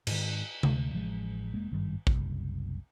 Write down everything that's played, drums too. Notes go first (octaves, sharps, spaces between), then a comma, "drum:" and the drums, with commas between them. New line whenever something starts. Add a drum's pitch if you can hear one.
G#2 D#3, drum: cymbal
D2, drum: tom C3
A1 F3 G#3
F1 G#3 A#3
G#1 G2 D#3 G3
F#1 C2, drum: kick A1